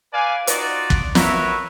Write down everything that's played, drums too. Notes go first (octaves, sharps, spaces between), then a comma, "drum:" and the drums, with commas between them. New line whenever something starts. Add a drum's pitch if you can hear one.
B4 D5 F5 G#5
D#4 F4 F#4 D5, drum: hi-hat
drum: kick
F#4 A#4 B4 C#5 E5, drum: snare